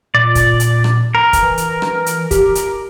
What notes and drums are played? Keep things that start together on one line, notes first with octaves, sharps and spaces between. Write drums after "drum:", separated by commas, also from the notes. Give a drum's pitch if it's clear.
A#2 D5
drum: kick, hi-hat
drum: hi-hat
drum: rim click
A#4
drum: kick, hi-hat
E3
drum: hi-hat
drum: rim click
drum: hi-hat
G4, drum: kick, hi-hat
drum: hi-hat